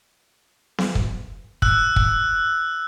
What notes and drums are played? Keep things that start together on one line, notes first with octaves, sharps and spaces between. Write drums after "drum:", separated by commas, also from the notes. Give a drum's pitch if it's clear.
drum: snare B3
drum: kick
E6 F#6, drum: kick
drum: kick